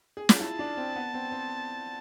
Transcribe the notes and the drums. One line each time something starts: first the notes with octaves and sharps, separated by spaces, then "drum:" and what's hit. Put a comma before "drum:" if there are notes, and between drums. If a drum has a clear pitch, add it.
G#4
F4, drum: snare
E4 A5
D4
C4
B3
C4
C4